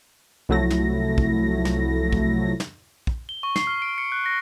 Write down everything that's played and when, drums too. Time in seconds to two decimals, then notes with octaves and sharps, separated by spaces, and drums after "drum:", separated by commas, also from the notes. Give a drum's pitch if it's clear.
0.49 C2 F3 F#3 A3 E4 A#6
0.70 drum: snare
1.18 drum: kick
1.65 drum: snare
2.13 drum: kick
2.60 drum: snare
3.07 drum: kick
3.29 G7
3.43 C#6
3.56 C7, drum: snare
3.67 F6
3.82 D7
3.98 C#7
4.12 F#6
4.26 A#6